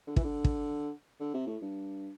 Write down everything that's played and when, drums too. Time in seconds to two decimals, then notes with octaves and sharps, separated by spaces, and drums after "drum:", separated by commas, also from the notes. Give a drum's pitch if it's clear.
0.07 D3
0.16 E3, drum: kick
0.24 D3
0.44 drum: kick
1.20 D3
1.34 C3
1.47 A2
1.61 G2